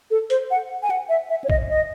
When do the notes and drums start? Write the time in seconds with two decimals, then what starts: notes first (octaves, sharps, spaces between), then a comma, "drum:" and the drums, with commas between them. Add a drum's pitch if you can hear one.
0.11 A4
0.30 C5, drum: hi-hat
0.51 F#5
0.83 G#5
0.90 F#5
1.09 E5
1.29 E5
1.44 C#5
1.50 D#5, drum: kick A#1
1.69 D#5